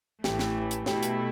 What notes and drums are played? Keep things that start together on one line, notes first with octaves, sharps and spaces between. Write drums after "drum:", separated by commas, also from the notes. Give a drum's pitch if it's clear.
A1 A2 E3 A3 G4, drum: snare
drum: snare
drum: hi-hat
B2 A3 E4 G4 A4, drum: snare
drum: hi-hat